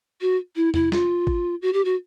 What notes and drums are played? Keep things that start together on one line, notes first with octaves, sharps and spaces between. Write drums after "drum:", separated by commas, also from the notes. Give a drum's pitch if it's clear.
F#4
E4
E4, drum: tom E2
F4, drum: snare
drum: kick G#1
F#4
G4
F#4